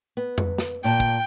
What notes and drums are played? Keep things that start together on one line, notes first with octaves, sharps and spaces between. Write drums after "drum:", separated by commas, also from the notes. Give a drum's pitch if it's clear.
B3
drum: tom F2
drum: snare
A#2 D5 G5 A5
drum: kick